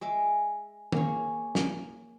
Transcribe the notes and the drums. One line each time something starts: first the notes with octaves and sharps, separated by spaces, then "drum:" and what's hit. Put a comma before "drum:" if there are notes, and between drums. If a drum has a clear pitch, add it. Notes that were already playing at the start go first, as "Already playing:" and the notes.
G#3 E5 D6
A#3 G#4 C#5, drum: tom
drum: snare